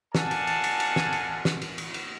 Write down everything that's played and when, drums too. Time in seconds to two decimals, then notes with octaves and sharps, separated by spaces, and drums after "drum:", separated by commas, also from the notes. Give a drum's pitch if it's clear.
0.15 A4 D5 F5 F#5 G#5 A5, drum: snare
0.31 drum: cymbal
0.47 drum: cymbal
0.64 drum: cymbal
0.80 drum: cymbal
0.96 drum: snare
1.13 drum: cymbal
1.45 drum: snare
1.62 drum: cymbal
1.78 drum: cymbal
1.94 drum: cymbal